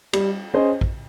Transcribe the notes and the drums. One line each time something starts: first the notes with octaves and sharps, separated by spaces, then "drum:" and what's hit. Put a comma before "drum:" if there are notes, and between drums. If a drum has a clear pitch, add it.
G3, drum: cymbal
C#4 G#4 C5 D#5
drum: kick